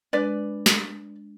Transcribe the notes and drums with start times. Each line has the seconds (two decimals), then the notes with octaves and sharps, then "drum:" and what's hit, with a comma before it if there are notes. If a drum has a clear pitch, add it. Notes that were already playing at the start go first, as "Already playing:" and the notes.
0.13 G#3 D4 B4 D5
0.66 drum: snare